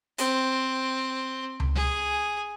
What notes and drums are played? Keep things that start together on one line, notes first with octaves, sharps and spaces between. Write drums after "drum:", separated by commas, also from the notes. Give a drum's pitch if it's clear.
C4, drum: hi-hat
drum: tom C#2
G#4, drum: snare